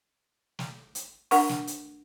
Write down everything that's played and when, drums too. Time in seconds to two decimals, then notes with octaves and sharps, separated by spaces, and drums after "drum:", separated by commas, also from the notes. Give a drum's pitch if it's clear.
0.59 drum: snare
0.95 drum: hi-hat
1.31 D4 A#4 F#5 C#6, drum: open hi-hat
1.49 drum: snare
1.67 drum: hi-hat